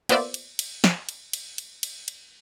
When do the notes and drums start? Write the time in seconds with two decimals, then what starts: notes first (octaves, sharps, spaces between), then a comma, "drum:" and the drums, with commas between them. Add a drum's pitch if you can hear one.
0.09 A#3 B3 F4 C5 D5 E5, drum: cymbal
0.34 drum: cymbal
0.59 drum: cymbal
0.84 drum: snare
1.09 drum: cymbal
1.33 drum: cymbal
1.58 drum: cymbal
1.83 drum: cymbal
2.08 drum: cymbal